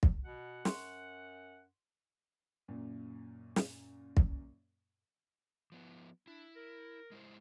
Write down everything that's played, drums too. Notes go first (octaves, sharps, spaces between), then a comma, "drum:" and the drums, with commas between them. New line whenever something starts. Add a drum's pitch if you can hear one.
drum: kick
B2 F#5
F#2 C6 C#6, drum: snare
F#2 A#2
drum: snare
drum: kick
F3 B3
D4 E4
A#4
G#3 E4 C5